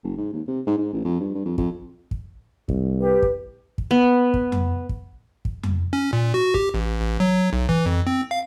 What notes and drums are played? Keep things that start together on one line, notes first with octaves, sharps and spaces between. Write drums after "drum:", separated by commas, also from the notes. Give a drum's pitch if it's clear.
F#1
G#2
D#2
C3
G#2
G#2
A1
F2
G2
G2
F2
F2, drum: kick
drum: kick
C2, drum: kick
G4 B4
drum: kick
drum: kick
B3
drum: kick
drum: tom F2
drum: kick
drum: kick
drum: tom F2
C#4
A#2
F#4
G4, drum: kick
A1
A1
F#3
B1
E3, drum: kick
F2
C4
F5